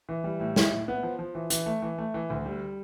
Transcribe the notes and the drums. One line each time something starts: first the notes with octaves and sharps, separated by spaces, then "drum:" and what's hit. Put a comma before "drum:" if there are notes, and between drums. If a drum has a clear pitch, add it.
E3
G3
A2
E4, drum: snare
A2
B3
F3
F3
E3
E3, drum: hi-hat
A3
E3
A3
E3
D2
G3